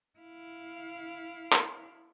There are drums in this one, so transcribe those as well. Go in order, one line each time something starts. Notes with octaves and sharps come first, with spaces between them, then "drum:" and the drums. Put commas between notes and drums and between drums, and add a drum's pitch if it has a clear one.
E4 F5
drum: clap